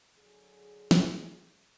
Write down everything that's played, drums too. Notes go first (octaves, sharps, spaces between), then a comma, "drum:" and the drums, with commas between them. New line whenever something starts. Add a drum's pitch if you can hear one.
D3 F#3 G#4
drum: snare